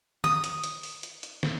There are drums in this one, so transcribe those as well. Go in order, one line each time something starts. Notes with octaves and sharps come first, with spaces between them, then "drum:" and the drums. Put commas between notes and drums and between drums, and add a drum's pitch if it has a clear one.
D#6, drum: tom D#3
drum: hi-hat
drum: hi-hat
drum: open hi-hat
drum: hi-hat
drum: hi-hat
drum: snare